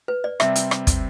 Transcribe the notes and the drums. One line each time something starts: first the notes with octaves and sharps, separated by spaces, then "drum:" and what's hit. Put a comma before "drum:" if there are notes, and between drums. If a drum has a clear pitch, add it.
B4
D5
C3 G3 C4 E5, drum: rim click
drum: hi-hat
drum: rim click
drum: kick, hi-hat